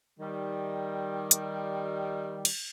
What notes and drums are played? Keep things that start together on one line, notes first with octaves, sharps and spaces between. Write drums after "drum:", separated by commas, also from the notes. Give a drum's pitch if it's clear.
D#3 G3
drum: hi-hat
drum: cymbal